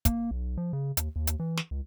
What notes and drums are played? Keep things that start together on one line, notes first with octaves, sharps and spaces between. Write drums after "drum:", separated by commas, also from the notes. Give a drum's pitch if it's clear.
A#3, drum: kick, hi-hat
B1
F3
C#3
D#2, drum: hi-hat
D#2
drum: hi-hat
E3
drum: snare
C#2